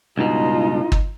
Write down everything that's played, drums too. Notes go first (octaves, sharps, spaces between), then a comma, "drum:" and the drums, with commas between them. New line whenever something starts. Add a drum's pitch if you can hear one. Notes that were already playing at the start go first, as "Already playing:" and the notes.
C#2 G2 B2 D#4 F4
drum: kick